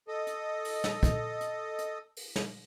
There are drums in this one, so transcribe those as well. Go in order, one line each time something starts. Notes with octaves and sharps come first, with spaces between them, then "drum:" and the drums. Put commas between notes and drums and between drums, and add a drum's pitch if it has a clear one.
A4 D#5
drum: hi-hat
drum: open hi-hat
drum: snare
drum: kick, hi-hat
drum: hi-hat
drum: hi-hat
drum: open hi-hat
drum: snare